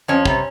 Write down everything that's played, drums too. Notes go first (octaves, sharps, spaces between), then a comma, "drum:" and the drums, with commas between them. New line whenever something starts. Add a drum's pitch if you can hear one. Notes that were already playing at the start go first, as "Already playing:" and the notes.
F2 C#4
C3 G3, drum: kick